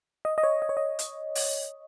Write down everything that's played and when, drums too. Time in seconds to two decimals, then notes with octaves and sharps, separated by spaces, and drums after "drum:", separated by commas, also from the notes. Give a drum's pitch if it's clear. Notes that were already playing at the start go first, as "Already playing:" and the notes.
0.25 D#5
0.38 D#5
0.44 C#5
0.62 D#5
0.69 C#5
0.77 D#5
0.99 drum: hi-hat
1.35 drum: open hi-hat